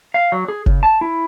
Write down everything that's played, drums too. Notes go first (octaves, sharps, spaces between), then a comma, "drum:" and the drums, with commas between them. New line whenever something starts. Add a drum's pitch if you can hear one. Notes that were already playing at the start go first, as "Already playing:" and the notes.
F5
F#3
G#4
C#3, drum: kick F#1
A5
E4